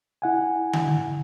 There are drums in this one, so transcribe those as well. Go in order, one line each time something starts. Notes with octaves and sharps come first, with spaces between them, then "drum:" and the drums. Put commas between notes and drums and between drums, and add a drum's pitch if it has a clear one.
E4 F#5 G#5
drum: tom D3